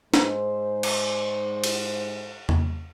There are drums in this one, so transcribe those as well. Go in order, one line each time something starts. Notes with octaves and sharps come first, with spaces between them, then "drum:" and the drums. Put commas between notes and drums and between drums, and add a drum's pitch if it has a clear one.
G#2 C5, drum: snare
drum: cymbal
drum: cymbal
drum: tom E2